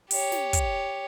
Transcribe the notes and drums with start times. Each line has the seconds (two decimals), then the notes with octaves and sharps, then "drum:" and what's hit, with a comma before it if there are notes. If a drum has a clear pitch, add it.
0.11 G4 C#5, drum: open hi-hat
0.32 drum: snare
0.53 drum: kick, hi-hat